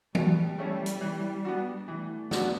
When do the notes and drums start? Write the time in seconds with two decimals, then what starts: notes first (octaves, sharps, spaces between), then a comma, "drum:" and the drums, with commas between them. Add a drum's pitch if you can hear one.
0.15 B2 G3, drum: tom E3
0.58 A3 C#4 E4
0.86 drum: hi-hat
1.01 E3
1.45 B3 D4 F#4
1.88 E3 A3
2.31 B3 D4 F#4, drum: snare